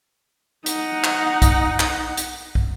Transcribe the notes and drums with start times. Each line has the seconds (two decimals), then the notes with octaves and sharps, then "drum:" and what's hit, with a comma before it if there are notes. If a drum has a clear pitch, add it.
0.66 D#4 F#5, drum: hi-hat
1.04 drum: clap
1.42 drum: kick, hi-hat
1.80 drum: clap
2.17 drum: hi-hat
2.55 drum: kick